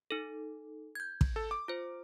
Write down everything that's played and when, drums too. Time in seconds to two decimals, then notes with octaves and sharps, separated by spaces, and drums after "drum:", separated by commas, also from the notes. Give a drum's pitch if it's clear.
0.11 D#4 A4
0.95 G6 G#6
1.21 drum: kick
1.36 A4
1.51 D6
1.68 F4 C5